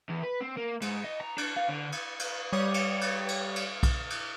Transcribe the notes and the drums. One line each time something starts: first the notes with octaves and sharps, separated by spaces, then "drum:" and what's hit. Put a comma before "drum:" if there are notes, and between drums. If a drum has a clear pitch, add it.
E2
B4
C4
A#3
G#2, drum: cymbal
D#5
A#5
D4, drum: cymbal
F5
D3
drum: cymbal
drum: cymbal
G3 C#5 D#6
drum: cymbal
drum: cymbal
drum: cymbal
drum: cymbal
drum: kick B1, cymbal
drum: cymbal